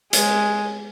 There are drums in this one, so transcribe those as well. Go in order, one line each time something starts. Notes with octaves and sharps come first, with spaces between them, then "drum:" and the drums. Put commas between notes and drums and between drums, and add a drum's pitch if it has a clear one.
G#3, drum: hi-hat